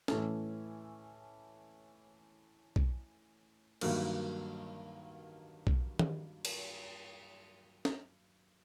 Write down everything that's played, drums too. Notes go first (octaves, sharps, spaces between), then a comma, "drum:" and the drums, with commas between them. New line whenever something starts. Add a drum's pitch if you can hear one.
A2 E3 A3 C#4, drum: snare
drum: kick
G2 D#3 F#3 A#3, drum: cymbal
drum: kick
drum: tom D#3
drum: cymbal
drum: snare